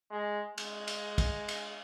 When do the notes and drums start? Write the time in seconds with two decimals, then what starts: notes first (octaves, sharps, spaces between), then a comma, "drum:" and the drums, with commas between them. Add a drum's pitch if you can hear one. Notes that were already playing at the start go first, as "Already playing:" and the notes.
0.11 G#3
0.58 G#3, drum: cymbal
0.87 drum: cymbal
1.18 drum: kick, cymbal
1.48 drum: cymbal